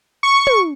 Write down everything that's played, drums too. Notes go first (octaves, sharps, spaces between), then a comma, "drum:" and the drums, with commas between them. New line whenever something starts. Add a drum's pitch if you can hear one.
C#6
drum: tom